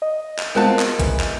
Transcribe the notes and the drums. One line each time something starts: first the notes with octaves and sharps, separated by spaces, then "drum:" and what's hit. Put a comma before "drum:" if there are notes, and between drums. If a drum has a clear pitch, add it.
D#5
drum: clap
G#3 B3 C4 F4 F#4 A#4 A5
drum: clap
E3, drum: kick A#1, hi-hat
drum: clap